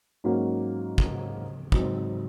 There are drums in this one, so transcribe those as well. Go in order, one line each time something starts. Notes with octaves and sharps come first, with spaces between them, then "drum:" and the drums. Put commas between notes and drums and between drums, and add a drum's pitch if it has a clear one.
G#2 F#3 A#3 C#4 F#4
drum: kick
G#2 F#3 C4, drum: kick